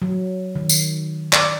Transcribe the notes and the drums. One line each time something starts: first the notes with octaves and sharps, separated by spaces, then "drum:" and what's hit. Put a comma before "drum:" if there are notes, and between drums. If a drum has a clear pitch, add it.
F#3
D#3
drum: tambourine
D5, drum: clap